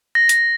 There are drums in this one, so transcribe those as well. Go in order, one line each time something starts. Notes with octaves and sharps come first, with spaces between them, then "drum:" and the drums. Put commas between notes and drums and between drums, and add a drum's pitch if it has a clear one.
A#6
drum: hi-hat